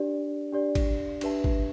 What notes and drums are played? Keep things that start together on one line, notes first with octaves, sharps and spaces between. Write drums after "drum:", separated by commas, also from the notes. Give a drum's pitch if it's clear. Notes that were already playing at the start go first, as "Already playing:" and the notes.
Already playing: D4 G4 D5
D4 G4 D5
drum: kick G#1, cymbal
D4 G4 B4 E5 A5, drum: cymbal
drum: kick G#1